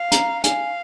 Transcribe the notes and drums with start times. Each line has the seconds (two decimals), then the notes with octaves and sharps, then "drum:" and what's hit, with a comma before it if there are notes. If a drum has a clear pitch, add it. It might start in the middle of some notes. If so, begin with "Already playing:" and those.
Already playing: F5
0.12 A#5, drum: hi-hat
0.44 F5 G#5, drum: hi-hat